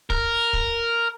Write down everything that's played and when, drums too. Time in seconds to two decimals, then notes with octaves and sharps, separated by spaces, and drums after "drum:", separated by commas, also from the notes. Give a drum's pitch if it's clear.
0.10 A#4, drum: kick
0.53 drum: kick